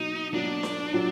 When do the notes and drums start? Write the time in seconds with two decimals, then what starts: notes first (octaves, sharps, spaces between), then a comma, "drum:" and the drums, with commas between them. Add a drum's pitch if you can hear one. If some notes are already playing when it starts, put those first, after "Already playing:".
Already playing: B2 F#3 A#3 D#4
0.33 B2 F#3 A#3 D4
0.63 drum: snare D4
0.93 A#2 F#3